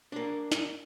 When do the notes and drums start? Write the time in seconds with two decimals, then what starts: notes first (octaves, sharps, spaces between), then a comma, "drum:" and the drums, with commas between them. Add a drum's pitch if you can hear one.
0.12 A#3 D4
0.52 drum: snare